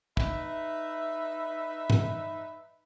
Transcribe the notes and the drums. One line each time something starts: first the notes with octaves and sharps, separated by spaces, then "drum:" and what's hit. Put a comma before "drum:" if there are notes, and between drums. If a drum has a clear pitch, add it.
D#4 B4 E5, drum: kick
drum: tom G2